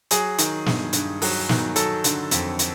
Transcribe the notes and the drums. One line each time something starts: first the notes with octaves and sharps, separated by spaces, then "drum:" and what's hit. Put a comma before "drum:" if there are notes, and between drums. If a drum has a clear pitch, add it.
F#3 G#4, drum: hi-hat
D#3, drum: hi-hat
G2, drum: snare
G2, drum: hi-hat
F#3, drum: open hi-hat
D#3, drum: snare
F#3 A4, drum: hi-hat
D3, drum: hi-hat
F2, drum: hi-hat
drum: hi-hat